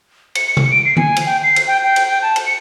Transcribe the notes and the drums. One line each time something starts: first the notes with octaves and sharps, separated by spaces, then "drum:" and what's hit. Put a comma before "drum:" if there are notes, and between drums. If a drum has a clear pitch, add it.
C#7, drum: cymbal
C#7
drum: tom C3
D7
C7
G#5, drum: tom D3
drum: cymbal
G5
C7
drum: cymbal
G5
G5
drum: cymbal
G5
A5
drum: cymbal
C#7